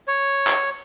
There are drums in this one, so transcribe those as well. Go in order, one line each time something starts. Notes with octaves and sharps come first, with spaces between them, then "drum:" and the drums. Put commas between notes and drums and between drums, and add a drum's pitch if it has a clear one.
C#5
drum: clap